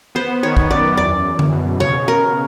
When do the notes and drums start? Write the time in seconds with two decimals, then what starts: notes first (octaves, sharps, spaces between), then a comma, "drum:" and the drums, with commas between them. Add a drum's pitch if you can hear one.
0.15 B3 C5
0.43 D#3 C#5
0.57 drum: kick
0.70 F#2 D5
0.97 E2 D5
1.25 E2
1.39 drum: tom D3
1.53 B2
1.80 C#3 C#5
2.08 C#3 A#4